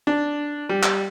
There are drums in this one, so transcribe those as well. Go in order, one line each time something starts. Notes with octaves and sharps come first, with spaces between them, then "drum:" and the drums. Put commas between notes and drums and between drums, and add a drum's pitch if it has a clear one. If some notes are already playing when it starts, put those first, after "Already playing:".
D4
G3
drum: clap